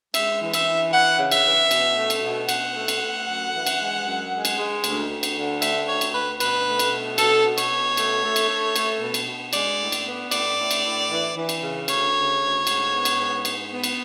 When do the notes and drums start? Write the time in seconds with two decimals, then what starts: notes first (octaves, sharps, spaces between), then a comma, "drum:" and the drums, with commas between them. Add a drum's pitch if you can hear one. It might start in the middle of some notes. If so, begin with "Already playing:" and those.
0.14 G#3 E5, drum: cymbal
0.41 E3
0.54 E5, drum: cymbal
0.67 E3
0.93 E3 F#5
1.19 C#3
1.31 E5, drum: cymbal
1.44 E3
1.71 B2, drum: cymbal
1.97 A3
2.10 drum: cymbal
2.23 B2
2.49 B2 F#5, drum: cymbal
2.75 A3
2.88 drum: cymbal
3.01 A3
3.27 F#2
3.54 E3
3.66 drum: cymbal
3.79 G#3
4.06 F#2
4.32 G#3
4.45 drum: cymbal
4.58 G#3
4.84 D2, drum: cymbal
5.10 D2
5.23 drum: cymbal
5.36 D3
5.62 A3 E5, drum: cymbal
5.88 D2 C#5
6.01 drum: cymbal
6.14 D2 B4
6.40 B2 B4, drum: cymbal
6.66 A3
6.79 drum: cymbal
6.93 B2
7.18 B2 A4, drum: cymbal
7.45 B2
7.58 C#5, drum: cymbal
7.71 B2
7.97 A3, drum: cymbal
8.23 A3
8.36 drum: cymbal
8.48 A3
8.76 A3, drum: cymbal
9.01 B2
9.14 drum: cymbal
9.27 B2
9.53 G#3 D5, drum: cymbal
9.80 A2
9.92 drum: cymbal
10.05 B3
10.31 A2 D5, drum: cymbal
10.58 A2
10.71 drum: cymbal
10.84 A2
11.10 E3
11.36 E3
11.49 drum: cymbal
11.61 C#3
11.88 D2 C#5, drum: cymbal
12.14 C#3
12.40 D2
12.67 G#2, drum: cymbal
12.92 B3
13.05 drum: cymbal
13.18 G#2
13.45 G#2, drum: cymbal
13.71 B3
13.84 drum: cymbal